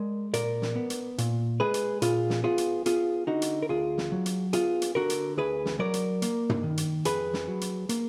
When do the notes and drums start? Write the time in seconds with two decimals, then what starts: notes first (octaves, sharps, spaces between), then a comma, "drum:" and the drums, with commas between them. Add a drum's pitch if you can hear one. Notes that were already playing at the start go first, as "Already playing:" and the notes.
Already playing: G#3 A#4 D5
0.34 A#2 A#4 D5, drum: hi-hat
0.62 drum: snare
0.76 B3
0.90 drum: hi-hat
1.18 A#2, drum: hi-hat
1.60 G#3 G#4 B4
1.74 drum: hi-hat
2.02 A#2 F4 G#4, drum: hi-hat
2.30 drum: snare
2.44 B3 F4 G#4
2.58 drum: hi-hat
2.86 B3 F4 G#4, drum: hi-hat
3.27 D3 D#4 F#4
3.42 drum: hi-hat
3.62 A#4
3.69 D2 F4 G#4
3.98 drum: snare
4.12 F#3
4.26 drum: hi-hat
4.53 B3 F4 G#4, drum: hi-hat
4.82 drum: hi-hat
4.95 D3 F#4 A#4
5.10 drum: hi-hat
5.37 D2 G#4 B4
5.66 drum: snare
5.79 F#3 A#4 D5
5.94 drum: hi-hat
6.22 A#3, drum: hi-hat
6.49 drum: tom
6.63 D#3
6.77 drum: hi-hat
7.05 F2 G#4 B4, drum: hi-hat
7.33 drum: snare
7.48 F#3
7.61 drum: hi-hat
7.89 A#3, drum: hi-hat